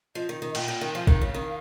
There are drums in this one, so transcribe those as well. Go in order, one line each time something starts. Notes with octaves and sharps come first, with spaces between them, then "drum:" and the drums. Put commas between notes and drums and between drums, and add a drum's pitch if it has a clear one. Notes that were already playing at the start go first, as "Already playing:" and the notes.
F3 D#5
D#3
D#3
A#2 G5, drum: cymbal
A#2
D#3
F3 F5
D#3, drum: kick
C#3
D#3